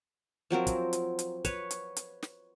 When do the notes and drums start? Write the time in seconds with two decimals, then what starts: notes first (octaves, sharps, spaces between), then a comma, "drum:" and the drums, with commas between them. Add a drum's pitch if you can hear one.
0.51 F3 F#3 C4 A#4
0.67 drum: kick, hi-hat
0.93 drum: hi-hat
1.19 drum: hi-hat
1.45 B4 C#5, drum: kick, hi-hat
1.71 drum: hi-hat
1.97 drum: hi-hat
2.22 drum: snare